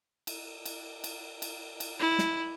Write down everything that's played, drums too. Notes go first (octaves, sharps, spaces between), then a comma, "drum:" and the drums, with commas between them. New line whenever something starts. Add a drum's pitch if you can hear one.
drum: cymbal
drum: cymbal
drum: cymbal
drum: cymbal
drum: cymbal
E4
drum: snare